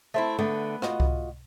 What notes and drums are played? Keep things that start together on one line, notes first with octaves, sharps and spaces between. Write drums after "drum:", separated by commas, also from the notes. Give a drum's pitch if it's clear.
A3 C4 E4
D3 A3 B3
F4 F#4 D#5, drum: rim click
drum: kick C2